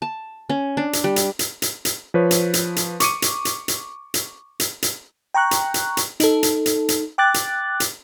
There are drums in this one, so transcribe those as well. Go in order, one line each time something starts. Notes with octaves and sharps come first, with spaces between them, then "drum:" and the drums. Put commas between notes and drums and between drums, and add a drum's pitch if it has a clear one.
A5
C#4
D4
drum: hi-hat
G3
drum: hi-hat
drum: hi-hat
drum: hi-hat
drum: hi-hat
F3 B4 C#5
drum: hi-hat
drum: hi-hat
drum: hi-hat
C#6 D6 C#7 D#7, drum: hi-hat
drum: hi-hat
drum: hi-hat
drum: hi-hat
drum: hi-hat
drum: hi-hat
drum: hi-hat
G5 A#5 C#6 F#6
drum: hi-hat
drum: hi-hat
drum: hi-hat
D#4 A4, drum: hi-hat
drum: hi-hat
drum: hi-hat
drum: hi-hat
G5 D6 F#6 A6
drum: hi-hat
drum: hi-hat